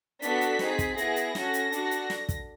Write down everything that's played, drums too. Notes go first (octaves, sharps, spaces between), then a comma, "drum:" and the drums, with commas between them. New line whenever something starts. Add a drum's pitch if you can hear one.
B3 D4 F#4 A4 B6, drum: hi-hat
drum: hi-hat
C4 D#4 G#4, drum: snare
drum: kick, hi-hat
B3 E4 G#4 A#6, drum: hi-hat
drum: hi-hat
C#4 F#4 A4, drum: snare
drum: hi-hat
D4 F#4 A4, drum: hi-hat
drum: hi-hat
drum: snare
drum: kick, hi-hat